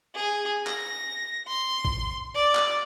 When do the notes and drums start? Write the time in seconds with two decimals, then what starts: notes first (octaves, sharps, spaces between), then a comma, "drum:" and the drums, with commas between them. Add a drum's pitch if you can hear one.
0.15 G#4
0.67 A#6, drum: clap
1.48 C6
1.85 drum: kick G#1
2.35 D5
2.55 drum: clap